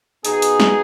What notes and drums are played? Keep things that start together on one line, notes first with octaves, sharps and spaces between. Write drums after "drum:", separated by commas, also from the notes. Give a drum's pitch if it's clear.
B2 B3 D#4 G#4, drum: hi-hat
drum: hi-hat
drum: snare